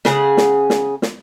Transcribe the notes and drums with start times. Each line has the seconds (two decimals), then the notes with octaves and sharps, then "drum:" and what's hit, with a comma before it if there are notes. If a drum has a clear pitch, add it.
0.05 C#3 G#4 F#5, drum: snare
0.37 drum: snare
0.70 drum: snare
1.02 drum: snare